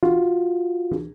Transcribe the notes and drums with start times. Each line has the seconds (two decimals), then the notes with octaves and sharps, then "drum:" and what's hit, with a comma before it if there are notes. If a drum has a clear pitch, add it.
0.03 F4 F#4, drum: tom
0.91 drum: tom